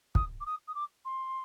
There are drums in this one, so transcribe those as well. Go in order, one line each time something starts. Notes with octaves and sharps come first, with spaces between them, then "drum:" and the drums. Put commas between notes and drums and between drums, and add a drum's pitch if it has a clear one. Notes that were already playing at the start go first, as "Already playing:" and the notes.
D#6, drum: kick
D6
D#6
D#6
D6
C6